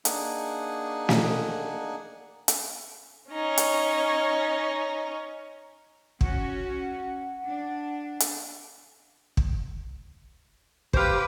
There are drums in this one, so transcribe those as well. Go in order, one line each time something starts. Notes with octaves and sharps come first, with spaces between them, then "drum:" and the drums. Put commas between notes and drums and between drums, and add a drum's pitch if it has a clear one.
A#3 D4 D#4 G#4 F#5 G#5, drum: hi-hat
drum: snare
drum: hi-hat
C#4 D#4 C#5
drum: hi-hat
C#4 F#4 F#5, drum: kick
D4
drum: hi-hat
drum: kick
G4 B4 C5 F5, drum: kick